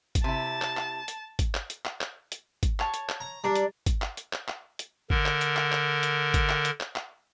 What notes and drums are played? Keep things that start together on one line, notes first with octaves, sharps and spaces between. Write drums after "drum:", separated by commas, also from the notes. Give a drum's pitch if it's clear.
drum: kick, hi-hat
C3 E4 A5
drum: clap
drum: clap
drum: hi-hat
drum: kick, hi-hat
drum: clap
drum: hi-hat
drum: clap
drum: clap
drum: hi-hat
drum: kick, hi-hat
C#5 A5, drum: clap
drum: hi-hat
drum: clap
A#5
G3 D4 D5 A#5
drum: hi-hat
drum: kick, hi-hat
drum: clap
drum: hi-hat
drum: clap
drum: clap
drum: hi-hat
D3 A#4, drum: kick
drum: clap
drum: hi-hat
drum: clap
drum: clap
drum: hi-hat
drum: kick, hi-hat
drum: clap
drum: hi-hat
drum: clap
drum: clap